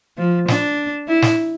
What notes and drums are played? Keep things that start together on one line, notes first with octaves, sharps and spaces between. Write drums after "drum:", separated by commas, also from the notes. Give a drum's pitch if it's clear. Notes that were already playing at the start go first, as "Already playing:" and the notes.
F3
D4, drum: snare
E4
drum: snare